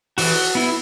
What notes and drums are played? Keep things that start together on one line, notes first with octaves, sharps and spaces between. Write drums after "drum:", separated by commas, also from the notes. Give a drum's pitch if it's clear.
E3 F#4, drum: open hi-hat
B3 E4